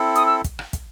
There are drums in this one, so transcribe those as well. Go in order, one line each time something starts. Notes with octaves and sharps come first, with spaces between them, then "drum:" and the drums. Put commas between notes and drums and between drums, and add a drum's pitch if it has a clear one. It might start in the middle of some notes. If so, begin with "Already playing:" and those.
Already playing: C4 E4 A4
D#6, drum: hi-hat
E6
drum: kick, hi-hat
drum: rim click
drum: kick, hi-hat